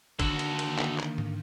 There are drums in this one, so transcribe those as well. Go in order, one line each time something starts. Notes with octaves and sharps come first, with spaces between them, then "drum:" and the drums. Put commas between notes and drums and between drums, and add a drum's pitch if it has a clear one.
D3 D#3 A#3 F#4 A4, drum: kick, cymbal
drum: cymbal
drum: cymbal
drum: clap
drum: clap
drum: tom G#2